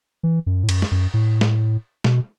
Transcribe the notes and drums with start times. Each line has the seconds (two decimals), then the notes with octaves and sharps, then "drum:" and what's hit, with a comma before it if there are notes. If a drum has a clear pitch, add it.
0.23 E3
0.46 F#2
0.64 A2
0.69 F#2, drum: cymbal
0.82 drum: snare
0.91 F#2
1.14 A2
1.41 drum: snare
2.04 B2, drum: snare